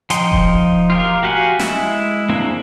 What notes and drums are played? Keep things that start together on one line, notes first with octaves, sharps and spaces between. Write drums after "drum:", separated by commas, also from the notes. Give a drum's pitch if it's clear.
F3 D#4 G5 C6, drum: hi-hat
drum: kick E1
F4 G4 A#4
F#4 G4 F5 F#5 G#5
G#3 E4, drum: snare
A#3 C4 D4 E4 G#4